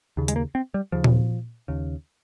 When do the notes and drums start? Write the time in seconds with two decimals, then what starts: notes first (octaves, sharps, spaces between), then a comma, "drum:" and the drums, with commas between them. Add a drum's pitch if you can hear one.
0.17 D#2 C#3
0.28 G#3, drum: hi-hat
0.36 A#3
0.55 C4
0.74 G3
0.92 D#2 C#3 F3
1.04 drum: tom A#2
1.68 D#2 C#3